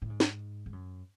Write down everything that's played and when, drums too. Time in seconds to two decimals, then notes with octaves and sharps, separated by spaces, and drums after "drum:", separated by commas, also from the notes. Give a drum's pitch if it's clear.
0.02 A2
0.10 G#2
0.20 drum: snare
0.66 G#2
0.73 F#2